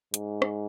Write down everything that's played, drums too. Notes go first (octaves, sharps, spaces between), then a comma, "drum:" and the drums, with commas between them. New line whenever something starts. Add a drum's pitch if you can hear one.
G#2, drum: hi-hat
drum: rim click